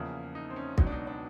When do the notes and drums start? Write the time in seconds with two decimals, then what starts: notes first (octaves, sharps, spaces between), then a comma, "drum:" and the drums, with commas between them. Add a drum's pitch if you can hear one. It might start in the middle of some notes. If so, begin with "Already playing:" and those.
Already playing: E2 C#3 F3 A#3 E4
0.35 D#4
0.50 C4
0.56 C#4
0.78 C#2 B2 F#3 D#4, drum: kick
0.87 D4
0.92 D#4
1.07 D4